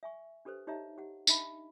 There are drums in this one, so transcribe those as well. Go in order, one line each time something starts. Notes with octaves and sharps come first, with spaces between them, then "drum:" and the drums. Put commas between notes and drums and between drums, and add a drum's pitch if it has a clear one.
E5 G#5 C#6
D4 G4 A4 B4 C5
D#4 G4 C#5 D#5 E5 A#5
G4 F#5
D4 D#4 D#5 E5 B5, drum: tambourine